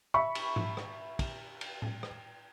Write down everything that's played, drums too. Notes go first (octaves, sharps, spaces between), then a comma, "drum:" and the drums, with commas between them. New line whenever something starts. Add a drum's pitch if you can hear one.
E5 B5 C#6
drum: cymbal
drum: tom G#2
drum: rim click
drum: kick, cymbal
drum: cymbal
drum: tom A2
drum: rim click